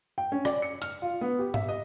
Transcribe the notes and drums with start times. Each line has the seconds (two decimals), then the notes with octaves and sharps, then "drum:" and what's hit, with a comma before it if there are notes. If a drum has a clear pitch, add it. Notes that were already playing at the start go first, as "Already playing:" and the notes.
0.18 G5
0.32 C#4
0.45 D5, drum: rim click
0.62 C#7
0.82 F6, drum: hi-hat
1.02 F4
1.21 B3
1.39 G4
1.54 E5, drum: tom G#2
1.69 D#5